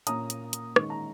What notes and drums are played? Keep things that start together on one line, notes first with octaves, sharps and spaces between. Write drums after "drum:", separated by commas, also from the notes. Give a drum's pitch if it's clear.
A#2 A#3 C#4 A#5 D#6, drum: hi-hat
drum: hi-hat
drum: hi-hat
D#3 G#3 C#4 C#6, drum: rim click
A#5